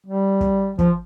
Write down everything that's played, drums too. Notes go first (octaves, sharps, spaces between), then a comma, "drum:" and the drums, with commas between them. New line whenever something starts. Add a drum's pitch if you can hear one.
G3
drum: kick
F3, drum: kick